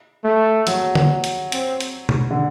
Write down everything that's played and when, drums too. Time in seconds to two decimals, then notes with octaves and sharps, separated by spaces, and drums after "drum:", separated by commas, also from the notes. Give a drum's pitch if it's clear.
0.24 A3
0.67 F#3, drum: hi-hat
0.95 drum: tom D3
1.24 drum: hi-hat
1.52 C4, drum: hi-hat
1.81 drum: hi-hat
2.09 drum: tom B2
2.31 D3